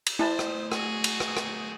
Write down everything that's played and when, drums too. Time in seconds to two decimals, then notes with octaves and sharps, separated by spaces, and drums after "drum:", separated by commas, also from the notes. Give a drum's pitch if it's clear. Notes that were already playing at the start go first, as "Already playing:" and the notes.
0.07 drum: cymbal
0.19 A3 E4 C5 A5
0.39 drum: rim click
0.72 F#4 G#4, drum: rim click
1.04 drum: cymbal
1.20 drum: rim click
1.37 drum: rim click